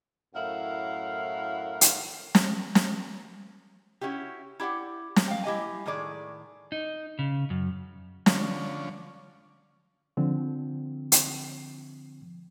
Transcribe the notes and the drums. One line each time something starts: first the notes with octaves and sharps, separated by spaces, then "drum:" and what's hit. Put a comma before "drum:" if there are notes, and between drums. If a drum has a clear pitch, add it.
F#2 A2 E4 A#4 F5 F#5
drum: hi-hat
drum: snare
drum: snare
C#4 E4 F#4 G4
E4 G4 D5 F#5
drum: snare
F5 G5
E4 G4 D#5 G#5
A2 D#3 G#4 D5
D#4
C#3
F#2
D3 F3 C#4, drum: snare
D3 F3 C4
drum: hi-hat